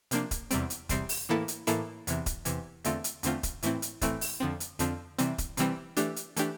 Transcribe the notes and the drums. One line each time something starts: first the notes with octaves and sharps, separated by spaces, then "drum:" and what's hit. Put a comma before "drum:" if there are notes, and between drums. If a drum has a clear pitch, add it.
C3 F3 A#3 D4, drum: hi-hat
drum: kick D#1, hi-hat
E2 C3 G3 C4, drum: hi-hat
drum: hi-hat
E2 C3 G3 C4, drum: kick D#1, hi-hat
drum: open hi-hat
A2 E3 A#3 E4 A4
drum: hi-hat
A2 E3 A#3 E4 A4, drum: hi-hat
E2 C3 E3, drum: hi-hat
drum: kick D#1, hi-hat
E2 C3 E3, drum: hi-hat
E2 D3 A3 C4 F4, drum: hi-hat
drum: hi-hat
E2 D3 A3 C4 F4, drum: hi-hat
drum: kick D#1, hi-hat
A2 E3 A3 C4 E4, drum: hi-hat
drum: hi-hat
A2 E3 A3 C4 E4, drum: kick D#1, hi-hat
drum: open hi-hat
F2 D3 F3 C4
drum: hi-hat
F2 D3 F3 C4, drum: hi-hat
C3 E3 G3 C4, drum: hi-hat
drum: kick D#1, hi-hat
C3 E3 G3 C4, drum: hi-hat
E3 A3 D4 G4, drum: hi-hat
drum: hi-hat
E3 A3 D4 G4, drum: hi-hat